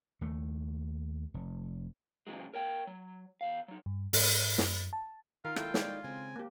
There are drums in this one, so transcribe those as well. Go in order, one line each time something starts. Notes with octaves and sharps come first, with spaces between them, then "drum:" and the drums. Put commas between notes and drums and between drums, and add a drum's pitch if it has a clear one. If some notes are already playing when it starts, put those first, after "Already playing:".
D#2 A3
F1
A#2 C#3 E3 F#3 G#3
A#4 C#5 G5
F#3
E2 F5
F#3 D#4
G2
G#2, drum: open hi-hat
F#2, drum: snare
A5
D#3 F4 A#4 F5
G#3 A#3 E4 A4 G5, drum: rim click
G#3 D#4 C#5 D5, drum: snare
C#3 C4 G#5
A#3 G4